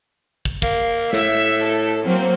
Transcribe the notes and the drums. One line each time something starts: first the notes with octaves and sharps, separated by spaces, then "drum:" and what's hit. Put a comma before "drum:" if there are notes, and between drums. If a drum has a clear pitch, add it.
drum: kick
A#3, drum: kick
A2 E5, drum: snare
A4
F#3 A#3 C4